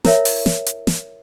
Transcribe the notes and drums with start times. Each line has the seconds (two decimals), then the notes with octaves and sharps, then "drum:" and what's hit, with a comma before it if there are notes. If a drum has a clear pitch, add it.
0.05 E4 A#4 C#5 E5, drum: snare
0.25 drum: open hi-hat
0.46 drum: snare
0.66 drum: hi-hat
0.87 drum: snare